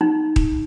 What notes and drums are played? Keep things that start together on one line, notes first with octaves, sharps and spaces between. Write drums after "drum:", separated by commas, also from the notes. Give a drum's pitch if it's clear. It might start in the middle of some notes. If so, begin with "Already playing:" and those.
D#4
drum: kick D#1